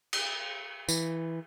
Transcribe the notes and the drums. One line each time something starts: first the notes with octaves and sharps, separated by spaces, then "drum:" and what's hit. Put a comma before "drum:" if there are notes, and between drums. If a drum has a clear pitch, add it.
drum: cymbal
E3, drum: tambourine